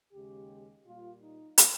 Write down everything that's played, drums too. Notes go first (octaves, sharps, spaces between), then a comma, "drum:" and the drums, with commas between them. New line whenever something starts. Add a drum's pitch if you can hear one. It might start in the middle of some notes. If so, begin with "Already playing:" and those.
D#2 C#3 G#3 G4
A#2 G3 A#3 F4
D#4
drum: hi-hat